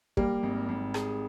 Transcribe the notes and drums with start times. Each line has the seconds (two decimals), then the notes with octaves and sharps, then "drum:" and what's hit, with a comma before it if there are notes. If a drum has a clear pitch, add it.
0.17 G3 A#3, drum: kick
0.43 G#1
0.69 G#1
0.94 G#4, drum: rim click